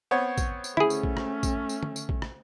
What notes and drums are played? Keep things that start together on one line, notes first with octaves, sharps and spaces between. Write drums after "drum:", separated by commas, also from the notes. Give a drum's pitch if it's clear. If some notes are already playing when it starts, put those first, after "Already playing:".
B3 C4 C#5
drum: kick, tambourine
drum: tambourine
A3 C#4 E4 G#4, drum: tom
drum: tambourine
drum: kick
drum: rim click
drum: kick, tambourine
drum: tambourine
drum: tom
drum: tambourine
drum: kick
drum: rim click